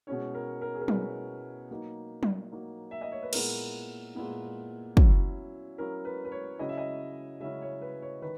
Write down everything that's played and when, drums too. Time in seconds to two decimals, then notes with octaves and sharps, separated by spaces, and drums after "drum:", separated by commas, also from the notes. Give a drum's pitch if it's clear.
0.07 B2 G#3 C#4 E4 C#5
0.34 A#4
0.61 A#4
0.75 G#4
0.81 A#4
0.88 B2 G#3 C#4 E4 B4, drum: tom F#3
1.71 F#3 A#3 D#4
2.23 drum: tom F#3
2.52 F#3 A#3 D#4
2.91 E5
3.01 D#5
3.12 C#5
3.23 B4
3.33 A#2 G#3 B3 E4 A#4, drum: cymbal
4.15 A#2 G#3 B3 E4
4.97 F#3 C#4 E4, drum: kick
5.78 F#3 C#4 E4 A#4
6.05 B4
6.25 B4
6.32 C#5
6.59 C#3 F#3 C#4 E4 D#5
6.69 E5
6.78 D#5
7.40 C#3 F#3 C#4 E4 E5
7.62 C#5
7.82 B4
8.02 C#5
8.22 D#3 B4